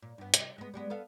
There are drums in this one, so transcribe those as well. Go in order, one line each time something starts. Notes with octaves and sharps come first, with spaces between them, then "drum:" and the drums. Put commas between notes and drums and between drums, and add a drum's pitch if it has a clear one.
A#2
G2 B3
C3 D#5, drum: hi-hat
G#3 B3
G3 G#3 B3
B3 A4 F5